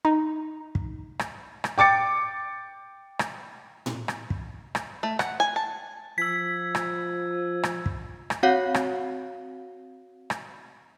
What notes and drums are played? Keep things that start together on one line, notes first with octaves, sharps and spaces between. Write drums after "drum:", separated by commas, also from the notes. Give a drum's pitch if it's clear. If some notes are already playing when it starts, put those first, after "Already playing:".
D#4
drum: kick
drum: rim click
drum: rim click
G5 D6 A6 C#7
drum: rim click
drum: tom A2
drum: rim click
drum: kick
drum: rim click
A3
F#5, drum: rim click
G#5
A5
F3 E6 G#6 B6
drum: rim click
drum: rim click
drum: kick
drum: rim click
C4 F#4 C#5 F5 F#5
drum: rim click
drum: rim click